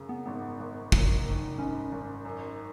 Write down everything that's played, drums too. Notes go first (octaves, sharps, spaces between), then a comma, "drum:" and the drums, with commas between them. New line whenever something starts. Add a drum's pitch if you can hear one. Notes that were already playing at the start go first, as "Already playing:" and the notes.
Already playing: F#2 C#3
B3
G#1 B3
G#1
F#2, drum: kick
D#3
G#1 C#4
G#1
F#2